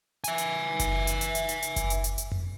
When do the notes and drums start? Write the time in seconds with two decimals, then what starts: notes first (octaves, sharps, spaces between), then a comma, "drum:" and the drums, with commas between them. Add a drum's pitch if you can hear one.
0.24 E5 G#5, drum: hi-hat
0.38 drum: hi-hat
0.79 drum: kick F#1, hi-hat
1.07 drum: hi-hat
1.21 drum: hi-hat
1.35 drum: hi-hat
1.49 drum: hi-hat
1.62 drum: hi-hat
1.76 drum: kick F#1, hi-hat
1.90 drum: hi-hat
2.04 drum: hi-hat
2.18 drum: hi-hat
2.32 drum: tom F2